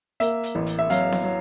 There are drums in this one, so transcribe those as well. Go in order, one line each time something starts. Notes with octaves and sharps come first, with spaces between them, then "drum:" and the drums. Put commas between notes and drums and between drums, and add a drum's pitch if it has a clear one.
A#3 E5, drum: hi-hat
drum: hi-hat
A1
drum: hi-hat
E5
F#3 F5, drum: hi-hat
drum: snare B3
F#3